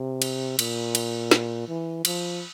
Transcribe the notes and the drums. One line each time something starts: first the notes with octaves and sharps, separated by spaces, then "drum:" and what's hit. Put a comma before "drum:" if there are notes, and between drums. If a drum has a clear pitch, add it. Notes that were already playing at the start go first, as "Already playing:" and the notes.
Already playing: C3
drum: cymbal
A#2, drum: cymbal
drum: cymbal
drum: snare
E3
F3, drum: cymbal